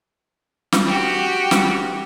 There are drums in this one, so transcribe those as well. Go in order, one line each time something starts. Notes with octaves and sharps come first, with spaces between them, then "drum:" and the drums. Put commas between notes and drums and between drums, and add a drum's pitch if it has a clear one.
drum: snare
F#4 G4
drum: snare